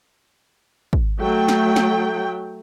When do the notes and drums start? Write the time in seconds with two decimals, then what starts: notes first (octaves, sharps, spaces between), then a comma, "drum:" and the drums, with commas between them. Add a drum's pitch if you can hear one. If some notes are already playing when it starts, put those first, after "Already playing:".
0.93 drum: kick
1.21 F#3 A3 G5
1.48 drum: snare
1.76 drum: snare